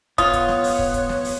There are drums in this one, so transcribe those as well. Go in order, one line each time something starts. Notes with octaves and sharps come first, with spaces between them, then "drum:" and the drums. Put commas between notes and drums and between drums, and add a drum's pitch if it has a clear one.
B3 F4 C#5 D#6, drum: kick, hi-hat
drum: kick, hi-hat
drum: snare
drum: open hi-hat
drum: kick
drum: kick, hi-hat
drum: snare
drum: open hi-hat